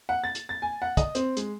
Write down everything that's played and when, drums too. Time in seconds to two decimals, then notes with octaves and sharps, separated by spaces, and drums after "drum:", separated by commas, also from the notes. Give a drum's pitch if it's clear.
0.09 F#5
0.24 A6
0.35 drum: hi-hat
0.49 A6
0.62 G#5
0.82 F#5
0.97 D#5, drum: kick, hi-hat
1.15 C4, drum: hi-hat
1.37 G#3, drum: hi-hat